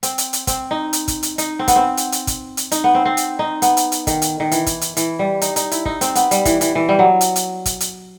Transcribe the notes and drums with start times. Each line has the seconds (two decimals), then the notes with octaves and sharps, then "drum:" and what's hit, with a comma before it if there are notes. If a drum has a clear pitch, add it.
0.03 C4, drum: hi-hat
0.18 drum: hi-hat
0.33 drum: hi-hat
0.47 C4, drum: kick, hi-hat
0.71 D#4
0.93 drum: hi-hat
1.08 drum: kick, hi-hat
1.23 drum: hi-hat
1.38 D#4, drum: hi-hat
1.59 C4
1.68 B3, drum: kick, hi-hat
1.76 C4
1.97 drum: hi-hat
2.12 drum: hi-hat
2.27 drum: kick, hi-hat
2.57 drum: hi-hat
2.72 D#4, drum: hi-hat
2.84 B3
2.95 C4
3.05 C4
3.17 drum: hi-hat
3.39 D#4
3.62 B3, drum: hi-hat
3.77 drum: hi-hat
3.92 drum: hi-hat
4.07 D#3, drum: kick, hi-hat
4.22 drum: hi-hat
4.40 D#3
4.51 E3, drum: hi-hat
4.66 drum: kick, hi-hat
4.81 drum: hi-hat
4.97 E3, drum: hi-hat
5.19 G3
5.41 D#4, drum: hi-hat
5.56 D#4, drum: hi-hat
5.71 E4, drum: hi-hat
5.85 D#4, drum: kick
6.01 C4, drum: hi-hat
6.15 B3, drum: hi-hat
6.31 G3, drum: hi-hat
6.45 E3, drum: kick, hi-hat
6.61 E3, drum: hi-hat
6.75 E3
6.89 G3
6.99 F#3
7.21 drum: hi-hat
7.36 drum: hi-hat
7.66 drum: kick, hi-hat
7.80 drum: hi-hat